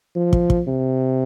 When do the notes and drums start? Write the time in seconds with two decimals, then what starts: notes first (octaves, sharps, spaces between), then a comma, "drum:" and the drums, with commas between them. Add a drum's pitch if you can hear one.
0.16 F3
0.33 drum: kick
0.50 drum: kick
0.67 C3